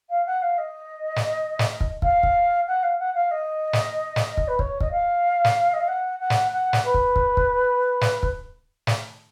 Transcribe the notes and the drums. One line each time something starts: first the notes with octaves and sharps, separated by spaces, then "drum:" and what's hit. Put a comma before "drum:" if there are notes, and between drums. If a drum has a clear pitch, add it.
F5
F#5
F5
D#5
drum: snare
drum: snare
drum: kick
F5, drum: kick
drum: kick
F#5
F5
F#5
F5
D#5
drum: snare
drum: snare
drum: kick
B4
C#5, drum: kick
D#5, drum: kick
F5
drum: snare
D#5
F5
F#5
F#5
drum: snare
F#5
drum: snare
B4
drum: kick
drum: kick
drum: kick
drum: snare
drum: kick
drum: snare